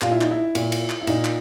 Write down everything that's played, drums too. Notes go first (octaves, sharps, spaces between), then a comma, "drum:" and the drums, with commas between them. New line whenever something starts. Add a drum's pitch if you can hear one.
A#2 F4, drum: clap
E4
D#4, drum: clap
E4
A#2, drum: cymbal
drum: cymbal
drum: clap
E4
A#2 D#4, drum: cymbal
drum: clap